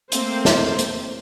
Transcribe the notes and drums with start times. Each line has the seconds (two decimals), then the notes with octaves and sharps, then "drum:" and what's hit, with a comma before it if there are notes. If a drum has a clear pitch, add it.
0.12 A3 A#3 C4 C5, drum: hi-hat
0.45 drum: snare
0.79 drum: hi-hat